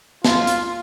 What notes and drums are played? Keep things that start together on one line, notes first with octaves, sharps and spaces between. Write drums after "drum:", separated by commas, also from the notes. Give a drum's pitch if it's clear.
F4, drum: snare
drum: hi-hat